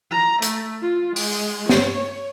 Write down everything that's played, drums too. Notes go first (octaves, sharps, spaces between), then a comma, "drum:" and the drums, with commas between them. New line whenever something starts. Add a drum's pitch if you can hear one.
A#5
A3, drum: hi-hat
F4
G#3, drum: open hi-hat
C#5, drum: snare